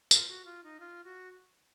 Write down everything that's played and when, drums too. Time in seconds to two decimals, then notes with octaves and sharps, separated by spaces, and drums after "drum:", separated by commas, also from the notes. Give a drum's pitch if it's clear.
0.11 F4, drum: tambourine
0.29 F#4
0.45 F4
0.64 D#4
0.80 F4
1.04 F#4